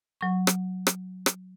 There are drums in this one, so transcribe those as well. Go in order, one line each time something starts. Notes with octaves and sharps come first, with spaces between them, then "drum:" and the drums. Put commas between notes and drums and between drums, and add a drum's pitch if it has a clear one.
F#3 C#6
drum: rim click
drum: rim click
drum: rim click